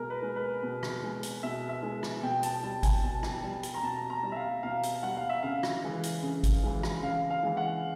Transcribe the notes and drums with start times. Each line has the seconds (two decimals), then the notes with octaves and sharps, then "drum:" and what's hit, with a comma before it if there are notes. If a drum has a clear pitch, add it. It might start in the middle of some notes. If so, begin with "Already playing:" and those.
Already playing: B2 G#3 A#4
0.10 B4
0.22 G#3
0.36 B4
0.63 B2
0.83 drum: rim click
1.03 G#3
1.23 drum: hi-hat
1.43 B2 E5
1.69 E5
1.83 G#3
2.03 drum: rim click
2.23 B2 G5
2.43 A5, drum: hi-hat
2.63 G3 A5
2.83 G#5, drum: kick G#1, hi-hat
3.03 B2 A5
3.23 drum: rim click
3.43 G3
3.63 drum: hi-hat
3.74 A#5
3.83 B2 A5
4.10 A#5
4.23 G3
4.32 E5
4.36 F5
4.63 B2 F5
4.83 drum: hi-hat
5.03 G3 F#5
5.17 F5
5.29 E5
5.43 C#3 F5
5.63 drum: rim click
5.84 E3 G#3
6.03 drum: hi-hat
6.23 C#3
6.43 drum: kick G#1, hi-hat
6.63 E3 G#3
6.83 drum: rim click
7.03 C#3 F5
7.30 F5
7.43 E3 G#3
7.57 F#5